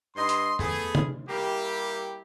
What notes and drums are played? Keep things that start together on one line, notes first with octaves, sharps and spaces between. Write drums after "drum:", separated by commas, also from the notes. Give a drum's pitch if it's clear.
G2 D#5 C6
drum: hi-hat
A3 B3 G#4, drum: tom F2
drum: tom C3
G3 A#3 E4 G4